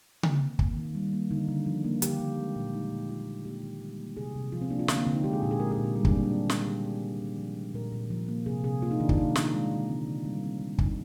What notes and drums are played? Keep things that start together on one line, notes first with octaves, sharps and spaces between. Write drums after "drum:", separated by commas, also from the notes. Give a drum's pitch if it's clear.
A#3 C4, drum: tom C#3
D#3
A#3, drum: kick
D#3
G3
A#3
D3 D#4
D3
F3
A#3
D3 G4, drum: hi-hat
D3
G#3
A#2
G#3 D#4
A#2
A#3 F4
D#3
A#3 G4
D#3
G3
A#3
C3 G#4
C3
F3 F4
C4
A#3 D4
F4
D3 C4, drum: snare
A#3
D3 C4
D#4
G#3 G4
G#4
A#2 G4
G#4
G#3 A#4
G#4
A#2
G4
G3 G#4
D4, drum: kick
A#3 C4
D4
D#3 G4
D#3, drum: snare
G4
G#3 G#4
D#3 G#4
G#3
D#3
F3
G#3
A#2 A#4
A#2
F3
A#3
C3 G#4
C3 G#4
A#3 F4
D#4
D#3 D4
F4, drum: kick
A#3 D#4
D#3, drum: snare
G#3
D3
G#3 C4
D3
G3 C4
A#3 C4
D3 C4
D4
D3, drum: kick
D#4